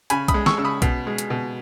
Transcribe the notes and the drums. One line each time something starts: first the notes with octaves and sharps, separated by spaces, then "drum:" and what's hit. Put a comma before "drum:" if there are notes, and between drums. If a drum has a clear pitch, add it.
C#3 G#5 B5, drum: hi-hat
B5 D#6, drum: kick B1, hi-hat
G#3
C#6 E6, drum: snare
C#3 E6
B5 D#6
B2, drum: kick B1, hi-hat
G#3
drum: hi-hat
B2